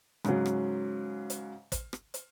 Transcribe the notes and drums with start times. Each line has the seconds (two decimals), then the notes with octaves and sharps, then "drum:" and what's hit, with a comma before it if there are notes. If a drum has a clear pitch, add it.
0.25 G#2 C#3 F#3, drum: rim click
0.46 drum: rim click
1.30 drum: hi-hat
1.72 drum: kick, hi-hat
1.93 drum: rim click
2.14 drum: hi-hat